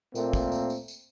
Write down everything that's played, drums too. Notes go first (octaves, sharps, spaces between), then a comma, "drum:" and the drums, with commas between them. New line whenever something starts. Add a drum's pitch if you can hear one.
A#2 A3 A#3 C4, drum: tambourine
drum: kick, tambourine
drum: tambourine
drum: tambourine
drum: tambourine